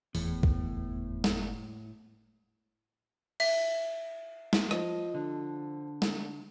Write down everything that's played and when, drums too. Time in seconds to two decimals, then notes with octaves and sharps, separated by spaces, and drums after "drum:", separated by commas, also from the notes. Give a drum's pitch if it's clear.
0.15 F#1 E2 A2 B3, drum: open hi-hat
0.43 drum: kick B1
1.24 drum: snare
3.40 E5, drum: cymbal
4.53 drum: snare
4.71 F3 D#5, drum: rim click
5.14 D3
6.02 drum: snare